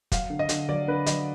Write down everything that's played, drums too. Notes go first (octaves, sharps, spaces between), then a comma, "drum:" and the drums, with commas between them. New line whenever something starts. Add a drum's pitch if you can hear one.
F#3 F5, drum: kick, hi-hat
D3
D#5
D3, drum: hi-hat
F#3 D5
D3 B4
F#3 D#5, drum: hi-hat